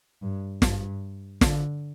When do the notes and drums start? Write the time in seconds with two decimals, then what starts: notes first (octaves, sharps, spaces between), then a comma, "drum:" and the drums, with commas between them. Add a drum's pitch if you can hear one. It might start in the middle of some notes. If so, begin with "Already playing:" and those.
0.22 G2
0.62 G2, drum: snare
1.41 D3, drum: snare